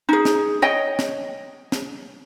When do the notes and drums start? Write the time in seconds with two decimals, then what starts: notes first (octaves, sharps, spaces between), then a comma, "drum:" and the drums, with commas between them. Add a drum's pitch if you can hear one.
0.09 D#4 G#4
0.25 drum: snare
0.62 C#5 D#5 G5
0.99 drum: snare
1.72 drum: snare